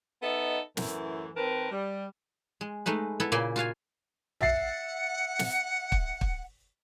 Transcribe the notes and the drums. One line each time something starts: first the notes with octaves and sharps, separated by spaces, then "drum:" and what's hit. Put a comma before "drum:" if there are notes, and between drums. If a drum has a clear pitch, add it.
B3 D#4 A4 D#5 E5
F#2 A2 E3, drum: snare
D#3 C4 A#4 B4 A5
G3
G#3
G#3 A3 D#4 B4
B3 E4 A4
A#2 C#3 A#3 G#5 B5 C6
F4 F#4 F5 G#5
E5 F#5 A6 C7, drum: tom
drum: snare
drum: kick
drum: kick